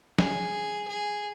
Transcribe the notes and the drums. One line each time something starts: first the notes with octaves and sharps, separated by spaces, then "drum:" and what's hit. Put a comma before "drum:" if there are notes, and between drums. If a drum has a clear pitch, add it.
G#4, drum: snare
G#4